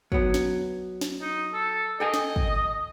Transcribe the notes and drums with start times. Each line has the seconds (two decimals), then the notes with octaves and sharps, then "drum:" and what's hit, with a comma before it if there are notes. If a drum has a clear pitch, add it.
0.12 F#3 B3, drum: kick
0.34 drum: snare
1.01 drum: snare
1.21 D#4
1.54 A4
2.00 A4 D#5 G5 G#5
2.14 drum: snare
2.36 drum: kick